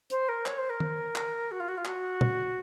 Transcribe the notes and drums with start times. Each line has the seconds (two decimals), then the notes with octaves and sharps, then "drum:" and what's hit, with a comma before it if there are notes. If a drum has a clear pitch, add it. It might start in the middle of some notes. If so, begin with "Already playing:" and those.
0.10 C5, drum: hi-hat
0.28 A#4
0.46 C#5, drum: clap
0.58 C5
0.69 A#4
0.80 drum: tom
1.16 drum: clap
1.51 F#4
1.59 F4
1.68 F#4
1.77 F4
1.85 F#4, drum: clap
2.21 drum: tom